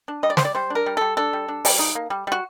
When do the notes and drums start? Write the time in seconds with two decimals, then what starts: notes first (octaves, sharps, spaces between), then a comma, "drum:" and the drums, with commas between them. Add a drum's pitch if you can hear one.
0.08 D4
0.23 G3 D#5
0.30 D5
0.37 G3 C5, drum: snare
0.45 D5
0.55 G3 C5
0.70 D4
0.75 A#4
0.86 G3
0.97 G3 A4
1.17 D4 A4
1.33 G3
1.48 D4
1.65 G3, drum: open hi-hat
1.79 D#4
1.95 A#3
2.10 G3
2.27 G3 F#4